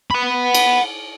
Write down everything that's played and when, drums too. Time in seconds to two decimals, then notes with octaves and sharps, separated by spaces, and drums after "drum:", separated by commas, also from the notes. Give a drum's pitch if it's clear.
0.10 F#5 B5
0.54 drum: cymbal